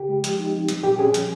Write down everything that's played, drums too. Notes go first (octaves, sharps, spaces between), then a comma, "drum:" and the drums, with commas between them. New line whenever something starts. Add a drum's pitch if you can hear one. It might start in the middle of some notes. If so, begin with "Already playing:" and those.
Already playing: C#3 G4
G#3
F3, drum: hi-hat
D#4
C4
G3, drum: hi-hat
A#2 G4
C#4 G#4
F3, drum: hi-hat